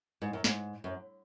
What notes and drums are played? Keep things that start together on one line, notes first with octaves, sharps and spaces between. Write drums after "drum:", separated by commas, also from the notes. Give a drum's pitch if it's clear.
G#2
F#2
G#2, drum: snare
F#2